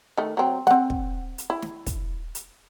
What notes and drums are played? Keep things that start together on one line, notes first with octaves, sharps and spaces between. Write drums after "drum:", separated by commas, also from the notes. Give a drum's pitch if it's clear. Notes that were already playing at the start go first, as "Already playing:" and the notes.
D#3 A3
F#3 C4
C4 F#5, drum: snare
drum: kick
drum: hi-hat
E4
drum: snare
drum: kick, hi-hat
drum: hi-hat